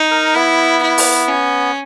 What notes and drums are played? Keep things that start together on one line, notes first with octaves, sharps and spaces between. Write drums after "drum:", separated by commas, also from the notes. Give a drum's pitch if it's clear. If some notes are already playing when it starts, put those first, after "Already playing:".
Already playing: D#4
A#4
B3 E4
E4
drum: open hi-hat
C#4